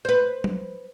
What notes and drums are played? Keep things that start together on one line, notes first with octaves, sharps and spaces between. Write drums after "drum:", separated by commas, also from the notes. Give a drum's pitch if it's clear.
B4 C5
drum: tom F#3